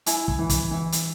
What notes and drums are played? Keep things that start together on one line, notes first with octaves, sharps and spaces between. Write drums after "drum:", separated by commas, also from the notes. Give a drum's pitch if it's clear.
E4 G#5, drum: hi-hat
drum: kick
E3
drum: kick, hi-hat
E3
drum: hi-hat